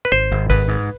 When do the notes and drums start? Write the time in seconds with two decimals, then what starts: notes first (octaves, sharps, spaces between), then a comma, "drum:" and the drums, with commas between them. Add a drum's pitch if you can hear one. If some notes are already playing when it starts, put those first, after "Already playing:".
0.05 B4
0.12 G#1 C5
0.31 G#1
0.50 G#2 B4, drum: kick, hi-hat
0.68 G#2